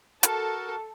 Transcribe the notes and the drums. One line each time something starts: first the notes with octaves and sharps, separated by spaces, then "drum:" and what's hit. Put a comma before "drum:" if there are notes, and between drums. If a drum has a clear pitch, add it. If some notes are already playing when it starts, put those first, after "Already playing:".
F#4 A4 A#4, drum: hi-hat